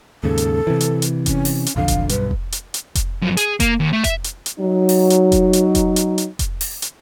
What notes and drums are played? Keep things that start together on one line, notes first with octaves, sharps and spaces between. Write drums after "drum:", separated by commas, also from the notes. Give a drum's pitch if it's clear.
D#2 G#2 C#3 A4
drum: hi-hat
C3 E3
drum: hi-hat
drum: hi-hat
C#4, drum: kick F1, hi-hat
drum: open hi-hat
drum: hi-hat
B1 F2 D3 F5
drum: kick F1, hi-hat
B1 G2 B4, drum: hi-hat
drum: kick F1
drum: hi-hat
drum: hi-hat
drum: kick F1, hi-hat
F#2 F3
G#4, drum: hi-hat
A#3, drum: kick F1, hi-hat
D#2
A3
E5, drum: kick F1, hi-hat
drum: hi-hat
drum: hi-hat
F#3 D#4
drum: open hi-hat
drum: hi-hat
drum: kick F1, hi-hat
drum: hi-hat
drum: kick F1, hi-hat
drum: hi-hat
drum: hi-hat
drum: kick F1, hi-hat
drum: open hi-hat
drum: hi-hat